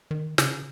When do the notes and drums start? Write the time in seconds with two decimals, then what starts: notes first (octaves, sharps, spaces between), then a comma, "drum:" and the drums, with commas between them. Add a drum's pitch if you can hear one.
0.11 D#3
0.38 C#3, drum: snare